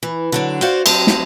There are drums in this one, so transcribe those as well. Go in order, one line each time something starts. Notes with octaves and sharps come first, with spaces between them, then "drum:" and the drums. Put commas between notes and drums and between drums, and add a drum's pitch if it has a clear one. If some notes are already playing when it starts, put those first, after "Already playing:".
E3
D3 F#3 D4
F#4 C5 D5 F5 F#5
G2 F#3 C4 G4 D#5 A5, drum: cymbal
drum: snare